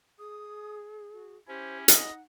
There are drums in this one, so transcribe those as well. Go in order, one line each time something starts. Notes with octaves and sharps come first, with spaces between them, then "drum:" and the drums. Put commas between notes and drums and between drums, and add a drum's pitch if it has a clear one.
G#4 D#6
F#4
C#4 E4 G4 C5
D#4 D#5 F#5, drum: hi-hat